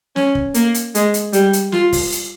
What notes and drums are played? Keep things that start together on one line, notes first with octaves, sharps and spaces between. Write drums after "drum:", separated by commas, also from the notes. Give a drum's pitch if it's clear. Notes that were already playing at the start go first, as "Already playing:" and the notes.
C#4, drum: snare
drum: kick
A#3, drum: hi-hat
drum: hi-hat
G#3, drum: hi-hat
drum: hi-hat
G3, drum: hi-hat
drum: hi-hat
F4, drum: snare
drum: kick, open hi-hat
drum: hi-hat